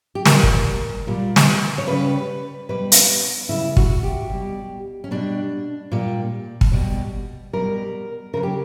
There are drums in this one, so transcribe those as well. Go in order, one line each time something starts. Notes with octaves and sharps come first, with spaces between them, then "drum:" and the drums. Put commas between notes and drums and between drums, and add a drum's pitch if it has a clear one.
G4
A#2 G3 A#4, drum: snare
drum: kick
A#2 G3
drum: snare
C#5
C#3 G3 B4
B2 G3 B4
drum: hi-hat
C#3 G3 E4
F#4, drum: kick
G4
B2 G3
C#4
B2 G3 D4
A#2 G3
drum: kick
B2 G3
B2 G3 A#4
C#3 F#3 A#4
G4